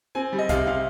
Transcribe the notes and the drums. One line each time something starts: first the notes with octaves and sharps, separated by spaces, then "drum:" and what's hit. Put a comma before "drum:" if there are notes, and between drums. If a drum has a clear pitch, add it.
C4 G#5
G3
D#5
C3 F5, drum: kick C2, hi-hat
C3 F5